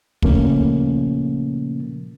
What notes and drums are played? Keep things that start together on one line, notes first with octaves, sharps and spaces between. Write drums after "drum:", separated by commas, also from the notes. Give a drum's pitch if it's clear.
A#2 C#3 F3 A3 A#3 C#4, drum: kick